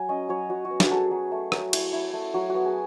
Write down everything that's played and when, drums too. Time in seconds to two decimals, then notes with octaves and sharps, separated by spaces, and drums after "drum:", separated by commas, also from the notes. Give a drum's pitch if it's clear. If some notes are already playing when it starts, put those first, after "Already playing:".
Already playing: F#3 G#5
0.09 C#4 D#5
0.29 F#3 C#5
0.49 F#3 F#4
0.65 F#4
0.71 B3
0.80 F#4, drum: snare
0.91 F#3 G#4 A4
1.11 F#3
1.32 A3
1.52 F#3, drum: rim click
1.73 E4, drum: cymbal
1.93 E4
2.13 A3
2.34 F#3 F#4
2.49 F#4
2.55 B3
2.65 G#4